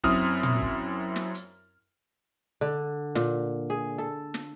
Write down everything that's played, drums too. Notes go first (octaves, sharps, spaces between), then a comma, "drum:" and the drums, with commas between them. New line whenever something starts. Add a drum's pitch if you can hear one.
F#2 C4 E4 D#6 F6, drum: kick
drum: tom
drum: kick
drum: snare
drum: hi-hat
D3
A#2, drum: snare
G#4
A4
drum: snare